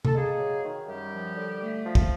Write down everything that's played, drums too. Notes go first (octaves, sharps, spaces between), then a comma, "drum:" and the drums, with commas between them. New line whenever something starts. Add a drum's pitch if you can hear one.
A4, drum: tom C3
G#3 A#3 G#4
F#3
D#3
F#2 G3 G4
F3
D3
A3
F3
drum: kick